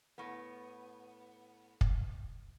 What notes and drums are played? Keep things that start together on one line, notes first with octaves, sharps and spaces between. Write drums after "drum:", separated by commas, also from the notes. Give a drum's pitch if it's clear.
A2 B3
drum: kick